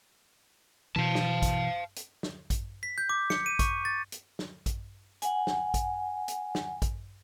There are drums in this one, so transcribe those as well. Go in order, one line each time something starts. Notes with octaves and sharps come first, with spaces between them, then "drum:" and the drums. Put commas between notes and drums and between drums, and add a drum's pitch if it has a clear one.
B2 E3 F5 A5
drum: snare
drum: kick A1, hi-hat
drum: hi-hat
drum: snare
drum: kick A1, hi-hat
B6
G6
D6
C#7, drum: snare
D#7
C#6, drum: kick A1, hi-hat
A6
drum: hi-hat
drum: snare
drum: kick A1, hi-hat
F#5 G#5, drum: hi-hat
drum: snare
drum: kick A1, hi-hat
drum: hi-hat
drum: snare
drum: kick A1, hi-hat